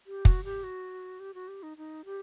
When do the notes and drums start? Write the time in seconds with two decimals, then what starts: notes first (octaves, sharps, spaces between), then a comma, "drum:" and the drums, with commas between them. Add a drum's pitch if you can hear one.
0.07 G4
0.25 F#4, drum: kick
0.44 G4
0.64 F#4
1.20 G4
1.34 F#4
1.48 G4
1.63 D#4
1.77 D#4
2.05 G4